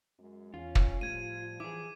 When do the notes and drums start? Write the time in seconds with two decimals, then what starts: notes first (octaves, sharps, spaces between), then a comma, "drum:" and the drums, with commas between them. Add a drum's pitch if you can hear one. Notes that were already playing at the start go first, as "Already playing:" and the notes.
0.18 F#2 G#3
0.54 E2 C#4 F4
0.75 drum: kick
1.01 A2 F3 G3 G#6 D#7
1.60 E3 E4 G#4 D6